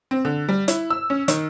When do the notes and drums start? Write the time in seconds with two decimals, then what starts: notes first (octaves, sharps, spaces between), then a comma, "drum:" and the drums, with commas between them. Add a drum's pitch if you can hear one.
0.11 C4
0.25 D3
0.49 G3
0.68 E4, drum: hi-hat
0.90 E6
1.10 C#4
1.28 D#3, drum: hi-hat